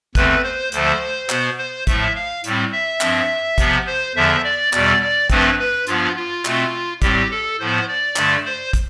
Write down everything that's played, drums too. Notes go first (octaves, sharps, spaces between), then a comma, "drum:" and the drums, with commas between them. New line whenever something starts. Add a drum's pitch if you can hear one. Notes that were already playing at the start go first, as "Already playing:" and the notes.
E2 D3 A3 C4 B4, drum: kick, hi-hat
C5
D2 D3 F3 A3 C5, drum: hi-hat
B2 B3, drum: clap
C5
A2 F3 A3 E5, drum: kick, hi-hat
F5
A2 G3 C4, drum: hi-hat
E5
G2 F3 C4, drum: clap
C3 F3 B3, drum: kick, hi-hat
C5
E2 D3 F3 E5
D5
E2 B2 G3 D5, drum: clap
D5
G2 F3 A3 C4 B4, drum: kick, hi-hat
B4
G2 F3 B3 F4, drum: hi-hat
F4
B2 A3 C4, drum: clap
A2 G3 C4 G4, drum: kick, hi-hat
A4
A2 F3 B3 C5
D5
G2 D3 A3, drum: clap
C5
drum: kick, hi-hat